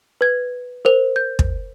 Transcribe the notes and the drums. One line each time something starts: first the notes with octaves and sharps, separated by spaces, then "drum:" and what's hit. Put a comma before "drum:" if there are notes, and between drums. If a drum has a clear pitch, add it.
B4 G#6
A#4 C5 F7
G6
drum: kick